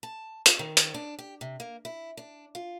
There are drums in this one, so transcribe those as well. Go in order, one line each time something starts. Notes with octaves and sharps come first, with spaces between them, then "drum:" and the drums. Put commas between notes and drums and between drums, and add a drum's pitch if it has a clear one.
A5
F3, drum: hi-hat
D#3
drum: hi-hat
D4
G4
C3
A#3
E4
D4
F4